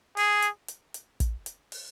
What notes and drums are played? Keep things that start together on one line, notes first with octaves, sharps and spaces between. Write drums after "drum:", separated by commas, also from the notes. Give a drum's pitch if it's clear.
G#4, drum: open hi-hat
drum: hi-hat
drum: hi-hat
drum: hi-hat
drum: kick, hi-hat
drum: hi-hat
drum: open hi-hat